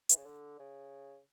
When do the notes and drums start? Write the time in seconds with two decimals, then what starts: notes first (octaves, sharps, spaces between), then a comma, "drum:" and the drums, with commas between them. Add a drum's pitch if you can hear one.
0.09 E3, drum: hi-hat
0.17 C#3
0.25 D3
0.59 C#3